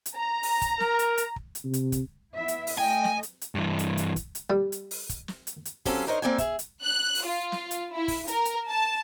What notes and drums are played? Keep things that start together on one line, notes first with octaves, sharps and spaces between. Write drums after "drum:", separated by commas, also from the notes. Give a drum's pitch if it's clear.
drum: hi-hat
A#5
drum: open hi-hat
drum: kick, hi-hat
A#4, drum: snare
drum: hi-hat
drum: hi-hat
drum: kick
drum: hi-hat
C3
drum: hi-hat
drum: kick, hi-hat
B3 E4 E5
drum: hi-hat
drum: open hi-hat
A3 D#5 G5 G#5
drum: snare
drum: hi-hat
drum: hi-hat
G2 E3
drum: hi-hat
drum: hi-hat
drum: kick, hi-hat
drum: hi-hat
G3
drum: hi-hat
drum: open hi-hat
drum: kick, hi-hat
drum: snare
drum: hi-hat
drum: hi-hat
F#3 C4 C#4 G4 A4 F5, drum: kick, open hi-hat
D4 D#4 A#4 C5 C#5 D#5
A#3 C4 A4 D5 G5 G#5
G#4 E5, drum: kick, hi-hat
drum: hi-hat
F#6
drum: open hi-hat
F4
drum: snare
drum: hi-hat
E4
drum: kick, open hi-hat
A#4, drum: hi-hat
drum: hi-hat
A5